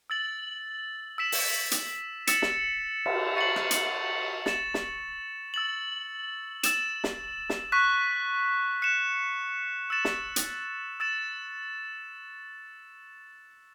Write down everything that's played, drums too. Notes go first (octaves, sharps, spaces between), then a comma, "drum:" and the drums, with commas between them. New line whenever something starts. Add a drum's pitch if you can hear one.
E6 A6 F#7
E6 B6 E7
drum: open hi-hat
drum: hi-hat
E6 A6 C#7 E7, drum: hi-hat
drum: snare
drum: cymbal
C#6 A6 C#7 F#7
drum: rim click
drum: hi-hat
A6 E7, drum: snare
drum: snare
E6 A6 F#7
E6 A6 E7, drum: hi-hat
drum: snare
drum: snare
C#6 F#6 B6
F#6 C#7 E7
E6 A6 E7
drum: snare
drum: hi-hat
E6 A6 E7